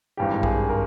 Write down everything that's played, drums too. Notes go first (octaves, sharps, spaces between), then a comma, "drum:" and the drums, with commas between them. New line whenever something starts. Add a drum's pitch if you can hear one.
G#1 G2 E3 G4
G#4, drum: kick A#1
A#4